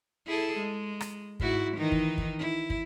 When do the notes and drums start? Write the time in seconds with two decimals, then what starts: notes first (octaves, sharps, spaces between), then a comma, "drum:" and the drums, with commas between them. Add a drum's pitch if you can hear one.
0.26 E4 G#4 A4
0.58 G#3
1.01 drum: rim click
1.40 G#2 E4 F#4, drum: kick
1.76 D#3 E3 D#4
1.92 drum: kick
2.18 drum: kick
2.39 E4
2.70 drum: kick